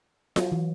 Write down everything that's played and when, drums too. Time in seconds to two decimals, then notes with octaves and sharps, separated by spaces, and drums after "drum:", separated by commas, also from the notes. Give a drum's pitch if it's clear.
0.36 F#3, drum: snare F4
0.52 E3